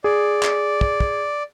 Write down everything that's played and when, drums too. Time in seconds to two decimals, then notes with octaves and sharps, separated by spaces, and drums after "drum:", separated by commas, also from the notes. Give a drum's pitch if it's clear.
0.04 G#4 D5
0.43 drum: clap
0.81 drum: kick
1.00 drum: kick